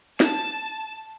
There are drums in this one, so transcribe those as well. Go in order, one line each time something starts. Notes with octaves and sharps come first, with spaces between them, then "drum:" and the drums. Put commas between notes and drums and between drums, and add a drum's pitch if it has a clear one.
A5, drum: snare